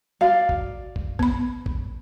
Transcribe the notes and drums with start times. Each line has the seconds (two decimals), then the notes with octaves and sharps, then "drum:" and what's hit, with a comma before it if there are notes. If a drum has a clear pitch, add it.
0.21 F#4 D5 F5
0.49 drum: kick
0.96 drum: kick
1.19 B3 B5, drum: kick
1.66 drum: kick